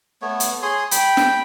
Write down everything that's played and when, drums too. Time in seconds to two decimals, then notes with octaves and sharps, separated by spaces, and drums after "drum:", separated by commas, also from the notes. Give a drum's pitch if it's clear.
0.22 A3 B3 C#5
0.40 drum: hi-hat
0.62 G#4 C#5 C6 D#6
0.91 G5 B5, drum: hi-hat
1.17 drum: snare